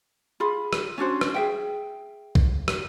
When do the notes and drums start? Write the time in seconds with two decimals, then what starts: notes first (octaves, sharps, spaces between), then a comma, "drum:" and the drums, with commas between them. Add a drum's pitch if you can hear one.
0.40 F4 G#4 B5
0.73 drum: rim click
0.98 C#4 D4 F#4 C5
1.21 drum: rim click
1.34 G#4 E5 G5
2.35 drum: kick
2.68 drum: rim click